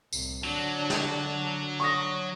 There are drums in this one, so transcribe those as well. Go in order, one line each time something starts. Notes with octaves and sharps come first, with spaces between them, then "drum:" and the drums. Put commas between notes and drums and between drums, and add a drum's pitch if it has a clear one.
C2 A2, drum: tambourine
D3 F#3 D4
drum: snare
C#6 D#6 A#6